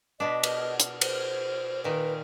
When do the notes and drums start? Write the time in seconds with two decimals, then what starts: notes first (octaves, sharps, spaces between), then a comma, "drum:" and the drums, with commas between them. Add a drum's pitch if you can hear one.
0.20 B2 B3 D4 D#5
0.43 drum: cymbal
0.80 drum: hi-hat
1.01 C5, drum: cymbal
1.84 A#2 D#3 B4